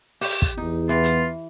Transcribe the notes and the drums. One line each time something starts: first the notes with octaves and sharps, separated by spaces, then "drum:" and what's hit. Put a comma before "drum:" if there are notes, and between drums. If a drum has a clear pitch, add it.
G4, drum: open hi-hat
drum: kick
E2 D#4
E3 B3 F4
drum: hi-hat